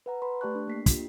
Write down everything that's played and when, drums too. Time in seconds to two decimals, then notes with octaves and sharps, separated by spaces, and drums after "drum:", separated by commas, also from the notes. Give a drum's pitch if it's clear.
0.06 B4 F#5 A#5
0.22 B4 B5 C6
0.41 A3 G4 D5 A5 C#6 F#6
0.55 D4
0.68 A#3 B6 C7
0.86 D4 F4 G4, drum: kick, hi-hat